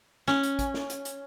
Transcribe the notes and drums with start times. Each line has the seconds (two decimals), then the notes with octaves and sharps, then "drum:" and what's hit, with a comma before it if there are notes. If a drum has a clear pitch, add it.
0.28 C#4, drum: snare
0.43 drum: hi-hat
0.59 drum: kick A1, hi-hat
0.74 drum: snare
0.90 drum: hi-hat
1.05 drum: hi-hat